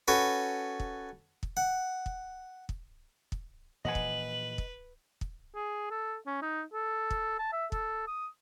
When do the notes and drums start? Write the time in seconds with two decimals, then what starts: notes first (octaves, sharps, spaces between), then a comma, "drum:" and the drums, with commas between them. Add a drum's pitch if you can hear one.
0.08 C#4 F#4 A4 B4
0.80 drum: kick
1.43 drum: kick
1.57 F#5
2.06 drum: kick
2.69 drum: kick
3.32 drum: kick
3.85 A#2 E3 F3 B4 D#5 F#5 G#5 F#7
3.95 drum: kick
4.58 drum: kick
5.21 drum: kick
5.55 G#4
5.91 A4
6.26 C#4
6.42 D#4
6.73 A4
7.11 drum: kick
7.38 A5
7.52 E5
7.72 A4, drum: kick
8.07 D#6